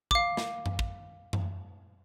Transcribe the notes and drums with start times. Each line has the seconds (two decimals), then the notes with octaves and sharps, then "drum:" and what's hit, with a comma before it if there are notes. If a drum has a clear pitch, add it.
0.11 F5 D6, drum: kick
0.37 drum: snare
0.66 drum: tom F#2
0.79 drum: kick
1.33 drum: tom F#2